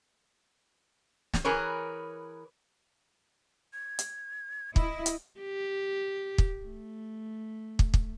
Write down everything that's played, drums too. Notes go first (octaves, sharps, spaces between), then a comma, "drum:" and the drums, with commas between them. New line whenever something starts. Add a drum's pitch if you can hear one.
drum: snare
E3 G#4 A#4 B4 C#5
G#6
drum: hi-hat
E4 D#5, drum: kick
drum: hi-hat
G4
drum: kick
A3
drum: kick
drum: kick